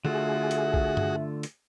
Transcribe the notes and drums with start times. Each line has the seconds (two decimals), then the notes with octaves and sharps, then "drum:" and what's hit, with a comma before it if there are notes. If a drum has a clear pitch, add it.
0.05 D3 A3 F4 F#4 G#4 E5, drum: tom
0.51 drum: hi-hat
0.74 drum: kick B1
0.97 drum: tom G2
1.43 drum: hi-hat